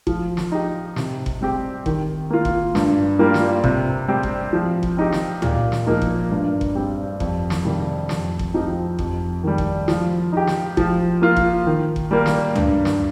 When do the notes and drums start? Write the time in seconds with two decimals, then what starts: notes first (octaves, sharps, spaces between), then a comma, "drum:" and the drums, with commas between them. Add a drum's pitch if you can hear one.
0.07 F3, drum: kick F#1
0.37 drum: snare
0.52 D#4 G4
0.96 C3, drum: snare
1.26 drum: kick F#1
1.41 G3 C4 G4
1.86 D#3, drum: kick F#1
2.30 A#3 F4
2.45 drum: kick F#1
2.75 G2, drum: snare
3.19 G3 A#3 F4
3.34 drum: snare
3.64 C3, drum: kick F#1
4.08 G3 C4 G4
4.23 drum: kick F#1
4.53 F3
4.83 drum: kick F#1
4.97 C4 D#4 G4
5.12 drum: snare
5.42 A#2, drum: tom D2
5.72 drum: snare
5.87 F3 A#3 D#4
6.02 drum: kick F#1
6.31 G2
6.61 drum: kick F#1
6.75 G3 C4 G4
7.20 F2, drum: kick F#1
7.50 drum: snare
7.65 C3 D#3 G3
8.09 F2, drum: snare
8.39 drum: kick F#1
8.54 F3 C4 D#4 G4
8.99 F2, drum: kick F#1
9.44 D#3 G3
9.58 drum: kick F#1
9.88 F3, drum: snare
10.32 D#4 G4
10.47 drum: snare
10.77 F3, drum: kick F#1
11.22 A#3 F4
11.37 drum: kick F#1
11.66 D#3
11.96 drum: kick F#1
12.11 G3 A#3
12.26 drum: snare
12.55 G2, drum: tom D2
12.85 drum: snare